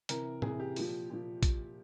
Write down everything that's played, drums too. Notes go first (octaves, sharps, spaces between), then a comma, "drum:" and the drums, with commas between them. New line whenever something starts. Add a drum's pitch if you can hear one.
C3 E3 A#4, drum: hi-hat
C3 E3 G#4, drum: tom A2
G4
A#2 F3, drum: open hi-hat
A#2 F3
drum: kick, hi-hat